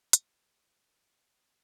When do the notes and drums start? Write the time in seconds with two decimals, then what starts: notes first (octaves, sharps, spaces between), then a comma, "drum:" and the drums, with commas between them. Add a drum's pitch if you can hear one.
0.13 E2 G2 G3 D4 G4 A#4, drum: hi-hat